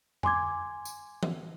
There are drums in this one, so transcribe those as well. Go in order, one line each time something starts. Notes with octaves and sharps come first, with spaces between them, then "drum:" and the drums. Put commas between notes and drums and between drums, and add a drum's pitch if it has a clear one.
G#5 C6 D6 G#6, drum: tom F2
drum: tambourine
drum: tom E3